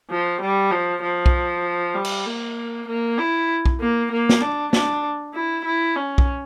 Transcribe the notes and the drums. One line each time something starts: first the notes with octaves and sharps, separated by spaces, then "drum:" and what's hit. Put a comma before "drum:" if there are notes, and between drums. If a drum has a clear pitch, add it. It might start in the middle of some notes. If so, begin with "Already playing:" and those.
F3
G3
F3
F3
drum: kick B1
G3
drum: cymbal
A#3
A#3
E4
drum: kick B1
A#3
A#3
drum: snare
D4
D4, drum: snare
E4
E4
C#4
drum: kick B1